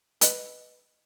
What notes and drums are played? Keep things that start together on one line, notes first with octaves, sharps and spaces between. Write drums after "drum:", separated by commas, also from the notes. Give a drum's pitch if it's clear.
B4 D#5, drum: hi-hat